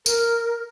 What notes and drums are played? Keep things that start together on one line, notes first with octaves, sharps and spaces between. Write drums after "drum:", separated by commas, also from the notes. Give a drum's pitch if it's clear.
A#4, drum: tambourine